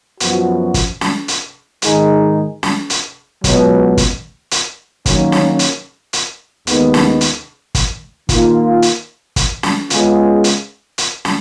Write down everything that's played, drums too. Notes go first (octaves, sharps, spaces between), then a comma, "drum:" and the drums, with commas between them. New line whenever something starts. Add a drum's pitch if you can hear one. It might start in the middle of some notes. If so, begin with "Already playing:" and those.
F#2 F3 B3 F#4, drum: hi-hat
drum: kick, hi-hat
drum: snare
drum: hi-hat
G#2 D#3 G#3 D#4 G#4, drum: hi-hat
drum: snare
drum: hi-hat
C#2 B2 F#3, drum: kick, hi-hat
drum: kick, hi-hat
drum: hi-hat
D#3 F#3 A#3 C#4, drum: kick, hi-hat
drum: snare
drum: hi-hat
drum: hi-hat
D#2 D#3 G#3 B3, drum: hi-hat
drum: snare
drum: hi-hat
drum: kick, hi-hat
D#3 A#3 F4, drum: kick, hi-hat
drum: hi-hat
drum: kick, hi-hat
drum: snare
C#3 G#3 B3 F4 G#4, drum: hi-hat
drum: hi-hat
drum: hi-hat
drum: snare